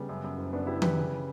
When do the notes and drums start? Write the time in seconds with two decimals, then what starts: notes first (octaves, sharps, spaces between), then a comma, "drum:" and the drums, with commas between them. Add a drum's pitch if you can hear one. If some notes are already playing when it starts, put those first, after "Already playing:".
Already playing: C#3 G3 B3
0.09 F#2
0.24 F#2
0.38 F#1
0.53 F#1 B3 D4
0.67 F#1 E4 G4
0.82 E3 G4 B4, drum: tom D#3
0.97 C#3